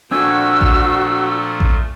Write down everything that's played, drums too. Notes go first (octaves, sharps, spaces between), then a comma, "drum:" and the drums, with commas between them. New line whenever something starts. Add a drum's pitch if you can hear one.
A#2 F3 A3 C4 D4 F#4 G#5 E6
drum: kick A1
drum: kick A1